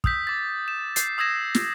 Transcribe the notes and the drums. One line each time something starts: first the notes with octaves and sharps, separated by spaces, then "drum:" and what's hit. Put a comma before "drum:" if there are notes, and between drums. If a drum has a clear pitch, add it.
D#6 E6 G6 B6, drum: kick
D6 A6
E7
G6 C7, drum: hi-hat
D#6 E6 G#6 A#6 E7
drum: snare